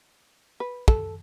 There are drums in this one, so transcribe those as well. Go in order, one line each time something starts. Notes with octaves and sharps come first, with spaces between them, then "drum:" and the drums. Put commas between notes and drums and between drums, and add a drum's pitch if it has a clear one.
B4
A4, drum: kick